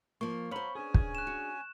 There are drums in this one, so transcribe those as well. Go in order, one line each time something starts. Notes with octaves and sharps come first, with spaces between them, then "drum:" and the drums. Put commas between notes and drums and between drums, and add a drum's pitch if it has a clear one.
F3 A#3 C#6
F#3 B3 C5 C#5 F5 B5
C#4 D4 G#4 G#5
drum: kick
F#6 E7
F#4